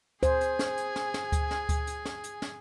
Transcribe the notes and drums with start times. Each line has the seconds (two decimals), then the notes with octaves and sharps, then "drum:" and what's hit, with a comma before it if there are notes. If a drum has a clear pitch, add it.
0.23 G#4 C5 G#5, drum: kick D2, hi-hat
0.41 drum: hi-hat
0.59 drum: snare
0.78 drum: hi-hat
0.96 drum: snare
1.14 drum: snare
1.32 drum: kick D2, hi-hat
1.51 drum: snare
1.69 drum: kick D2, hi-hat
1.87 drum: hi-hat
2.05 drum: snare
2.24 drum: hi-hat
2.42 drum: snare